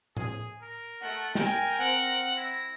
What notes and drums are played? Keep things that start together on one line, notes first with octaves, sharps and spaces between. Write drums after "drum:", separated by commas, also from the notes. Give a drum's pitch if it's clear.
G#4, drum: tom A2
A#4
A3 F#5
A#4 G5 G#5 G6, drum: snare
C4 F#5
E4 A#6